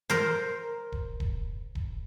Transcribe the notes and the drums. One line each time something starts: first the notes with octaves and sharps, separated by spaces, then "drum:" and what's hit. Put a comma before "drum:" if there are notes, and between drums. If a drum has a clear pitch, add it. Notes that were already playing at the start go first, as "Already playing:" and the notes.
A#4 C5, drum: snare
drum: kick D#1
drum: kick D#1
drum: kick D#1